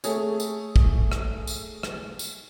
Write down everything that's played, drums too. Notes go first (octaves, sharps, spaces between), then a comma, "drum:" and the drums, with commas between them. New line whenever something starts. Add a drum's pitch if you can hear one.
A3 G#4 C#5, drum: tambourine
drum: tambourine
drum: kick
drum: rim click
drum: tambourine
drum: rim click
drum: tambourine